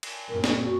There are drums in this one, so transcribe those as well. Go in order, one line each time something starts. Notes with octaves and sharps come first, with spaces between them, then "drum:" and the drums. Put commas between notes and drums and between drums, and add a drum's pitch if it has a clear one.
drum: cymbal
F#2 A#2 A#4
drum: snare
F#4